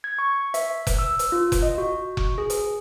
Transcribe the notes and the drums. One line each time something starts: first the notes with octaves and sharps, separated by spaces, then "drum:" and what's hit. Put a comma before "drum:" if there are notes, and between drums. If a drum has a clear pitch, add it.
G#6
C#6
E5, drum: hi-hat
drum: kick F1, hi-hat
E6
drum: hi-hat
F4
drum: kick F1, hi-hat
D#5
F#4
drum: kick F1
G#4
drum: hi-hat